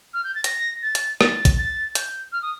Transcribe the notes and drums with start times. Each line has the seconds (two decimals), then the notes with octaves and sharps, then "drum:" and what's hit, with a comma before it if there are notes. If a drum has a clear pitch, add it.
0.14 F6
0.24 G6
0.35 A6
0.44 A#6, drum: hi-hat
0.83 A6
0.95 drum: hi-hat
1.21 A6, drum: rim click
1.45 drum: kick, hi-hat
1.58 A6
1.95 G6, drum: hi-hat
2.32 F6
2.42 D#6